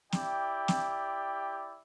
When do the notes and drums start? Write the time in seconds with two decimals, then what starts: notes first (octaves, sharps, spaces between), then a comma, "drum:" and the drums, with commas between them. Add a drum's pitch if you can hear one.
0.12 E4 G4 D5 G5, drum: snare
0.68 drum: snare